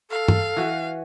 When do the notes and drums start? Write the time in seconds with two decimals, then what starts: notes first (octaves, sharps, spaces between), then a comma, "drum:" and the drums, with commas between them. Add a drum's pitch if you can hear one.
0.11 A4 F5
0.28 drum: tom G2
0.57 E3 F#4